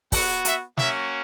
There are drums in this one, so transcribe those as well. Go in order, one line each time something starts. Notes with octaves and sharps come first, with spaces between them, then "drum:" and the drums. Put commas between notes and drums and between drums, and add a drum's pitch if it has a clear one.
B3 F#4 F#5, drum: kick, open hi-hat
E5, drum: hi-hat
A#3 C#4 F#4 E5, drum: snare